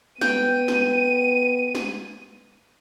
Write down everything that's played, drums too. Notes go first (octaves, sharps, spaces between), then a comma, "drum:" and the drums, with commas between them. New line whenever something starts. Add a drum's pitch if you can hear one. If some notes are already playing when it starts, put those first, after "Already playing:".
B3 G5 D#7, drum: snare
drum: snare
drum: snare